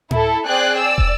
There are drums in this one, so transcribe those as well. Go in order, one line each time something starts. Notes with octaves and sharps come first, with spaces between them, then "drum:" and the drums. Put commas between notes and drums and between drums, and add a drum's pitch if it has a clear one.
E4 A4, drum: tom A2
C4 G#4 D5 G5 F#6
D5 E6
drum: kick